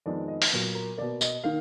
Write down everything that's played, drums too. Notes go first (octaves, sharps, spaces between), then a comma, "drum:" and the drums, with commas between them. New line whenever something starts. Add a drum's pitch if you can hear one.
F2 D#3 G#3 B3 D5
D#5
drum: open hi-hat
A#2 F#3 B3
A#4
B2 A#3 D5
D#5, drum: tambourine
D#3 A#3 F5